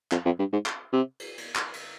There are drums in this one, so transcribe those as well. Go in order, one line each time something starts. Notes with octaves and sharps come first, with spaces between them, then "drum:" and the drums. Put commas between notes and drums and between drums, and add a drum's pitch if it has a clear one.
F2, drum: clap
F2
G2
G#2
drum: clap
C3
drum: cymbal
drum: cymbal
drum: clap
drum: cymbal